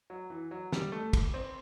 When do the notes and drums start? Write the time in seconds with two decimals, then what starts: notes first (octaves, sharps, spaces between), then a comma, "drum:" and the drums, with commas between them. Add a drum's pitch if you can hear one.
0.10 F#3
0.30 E3
0.51 F#3
0.72 G3, drum: snare
0.92 A3
1.13 drum: kick, cymbal
1.34 C4